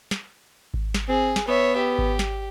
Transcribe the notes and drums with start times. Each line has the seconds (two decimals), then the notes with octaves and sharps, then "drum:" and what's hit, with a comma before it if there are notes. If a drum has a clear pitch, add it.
0.11 drum: snare
0.74 drum: kick G#1
0.94 drum: snare
1.09 C4 G#4
1.36 drum: snare
1.48 B3 C#5 E5
1.78 G4
1.98 drum: kick G#1
2.19 drum: snare